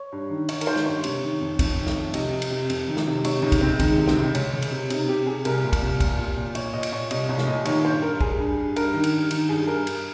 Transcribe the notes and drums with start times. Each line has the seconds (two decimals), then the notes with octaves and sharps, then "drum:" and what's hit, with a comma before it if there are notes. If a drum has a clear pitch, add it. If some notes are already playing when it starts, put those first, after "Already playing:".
Already playing: C#5
0.12 G2
0.30 D#3
0.49 D#3 C#5, drum: cymbal
0.61 A#4, drum: cymbal
0.67 D#3 C5
0.76 drum: snare
0.85 G2 C#5
1.04 C3, drum: cymbal
1.23 D#3
1.41 F2
1.59 F2, drum: kick, cymbal
1.77 D#3
1.87 drum: snare
1.96 F2
2.14 C3 D#5, drum: cymbal
2.32 C3
2.42 drum: cymbal
2.51 C3
2.70 F2, drum: cymbal
2.88 D#3
2.97 drum: snare
3.07 C3
3.24 C3 C#5, drum: cymbal
3.43 C#2 D#4
3.52 drum: kick, cymbal
3.61 C#2 C4
3.80 D#3 G#3, drum: kick, cymbal
3.98 C3
4.07 C4, drum: snare
4.17 C#2
4.35 C#2 C#4, drum: cymbal
4.53 C#2
4.62 drum: cymbal
4.71 C3
4.90 C3 D#4, drum: cymbal
5.08 C3 G4
5.26 C3 G#4
5.45 C2 A#4, drum: cymbal
5.63 A#2
5.73 drum: kick, cymbal
5.82 C2
6.00 A#2, drum: kick, cymbal
6.19 A#2
6.37 A#2
6.55 A#2 C#5, drum: cymbal
6.73 A#2 D#5
6.83 drum: cymbal
6.92 A#2 C#5
7.11 C2 D#5, drum: cymbal
7.29 C2 C#5
7.38 drum: snare
7.47 A#2 D#5
7.65 D#3 C#5, drum: cymbal
7.85 G2 C5
8.02 G2 A#4
8.21 G2 G#4, drum: kick
8.40 G2
8.58 G2
8.76 G2 A#4, drum: cymbal
8.94 D#3
9.04 drum: cymbal
9.13 G2
9.31 D#3, drum: cymbal
9.49 G2 G#4
9.67 G2 A#4
9.87 G2, drum: cymbal